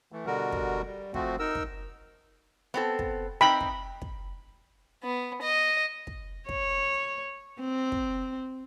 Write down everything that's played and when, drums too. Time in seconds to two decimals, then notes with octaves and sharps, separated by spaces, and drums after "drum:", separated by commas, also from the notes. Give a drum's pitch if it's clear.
0.12 E3 A3
0.26 B2 D3 G3 F#4 A#4
0.52 drum: kick
0.85 G3
1.14 F3 A3 C4 F#4, drum: kick
1.39 D#4 A#4 E6
1.55 drum: kick
2.74 B3 C4 A4
2.99 drum: kick
3.41 C4 D#4 G5 B5
3.61 drum: kick
4.02 drum: kick
5.04 B3
5.42 D#5
6.07 drum: kick
6.49 C#5, drum: kick
7.60 C4
7.92 drum: kick